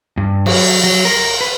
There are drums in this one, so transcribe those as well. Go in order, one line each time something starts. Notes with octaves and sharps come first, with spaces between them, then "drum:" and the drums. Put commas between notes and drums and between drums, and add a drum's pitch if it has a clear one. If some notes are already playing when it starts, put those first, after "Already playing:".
G2
F#3, drum: cymbal
F#3
A#4
B4